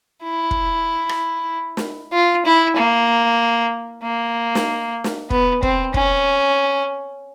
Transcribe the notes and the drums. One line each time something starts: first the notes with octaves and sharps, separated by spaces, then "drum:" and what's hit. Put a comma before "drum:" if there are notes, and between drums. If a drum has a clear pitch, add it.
E4
drum: kick
drum: rim click
drum: snare
F4
E4
A#3
A#3
drum: snare
drum: snare
B3, drum: kick
C4, drum: kick
C#4, drum: kick